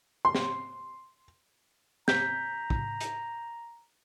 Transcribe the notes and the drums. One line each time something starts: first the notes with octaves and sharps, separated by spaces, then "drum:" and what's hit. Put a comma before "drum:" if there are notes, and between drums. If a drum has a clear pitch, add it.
C6
drum: snare
A#5 G6 B6, drum: snare
drum: kick
drum: hi-hat